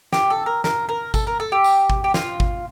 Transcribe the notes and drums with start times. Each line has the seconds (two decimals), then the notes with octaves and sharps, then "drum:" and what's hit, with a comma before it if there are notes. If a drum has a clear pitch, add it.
0.13 G4, drum: snare
0.30 A4
0.46 A#4
0.64 A#4, drum: snare
0.89 A#4
1.14 A4, drum: kick G#1, tambourine
1.27 A#4
1.40 A4
1.52 G4
1.64 drum: tambourine
1.90 drum: kick G#1
2.04 G4
2.14 F4, drum: snare
2.40 drum: kick G#1